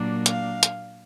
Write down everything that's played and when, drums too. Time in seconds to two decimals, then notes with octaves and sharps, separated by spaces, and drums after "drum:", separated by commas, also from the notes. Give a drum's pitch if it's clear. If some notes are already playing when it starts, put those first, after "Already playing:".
Already playing: A#2 F#3 A#3 D4
0.26 F5, drum: hi-hat
0.63 drum: hi-hat